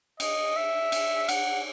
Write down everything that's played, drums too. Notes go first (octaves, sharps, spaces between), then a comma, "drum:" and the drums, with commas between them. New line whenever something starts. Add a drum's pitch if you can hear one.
D#5, drum: cymbal
E5
drum: cymbal
F#5, drum: cymbal